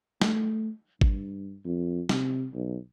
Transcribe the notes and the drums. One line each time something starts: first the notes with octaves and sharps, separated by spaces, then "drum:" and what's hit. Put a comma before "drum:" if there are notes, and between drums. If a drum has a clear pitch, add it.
A3, drum: snare
G2, drum: kick G#1
F2
C3, drum: snare
B1